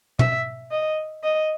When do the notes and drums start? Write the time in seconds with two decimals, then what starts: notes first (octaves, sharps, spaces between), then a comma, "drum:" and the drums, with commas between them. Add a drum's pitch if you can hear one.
0.19 E5, drum: tom
0.71 D#5
1.23 D#5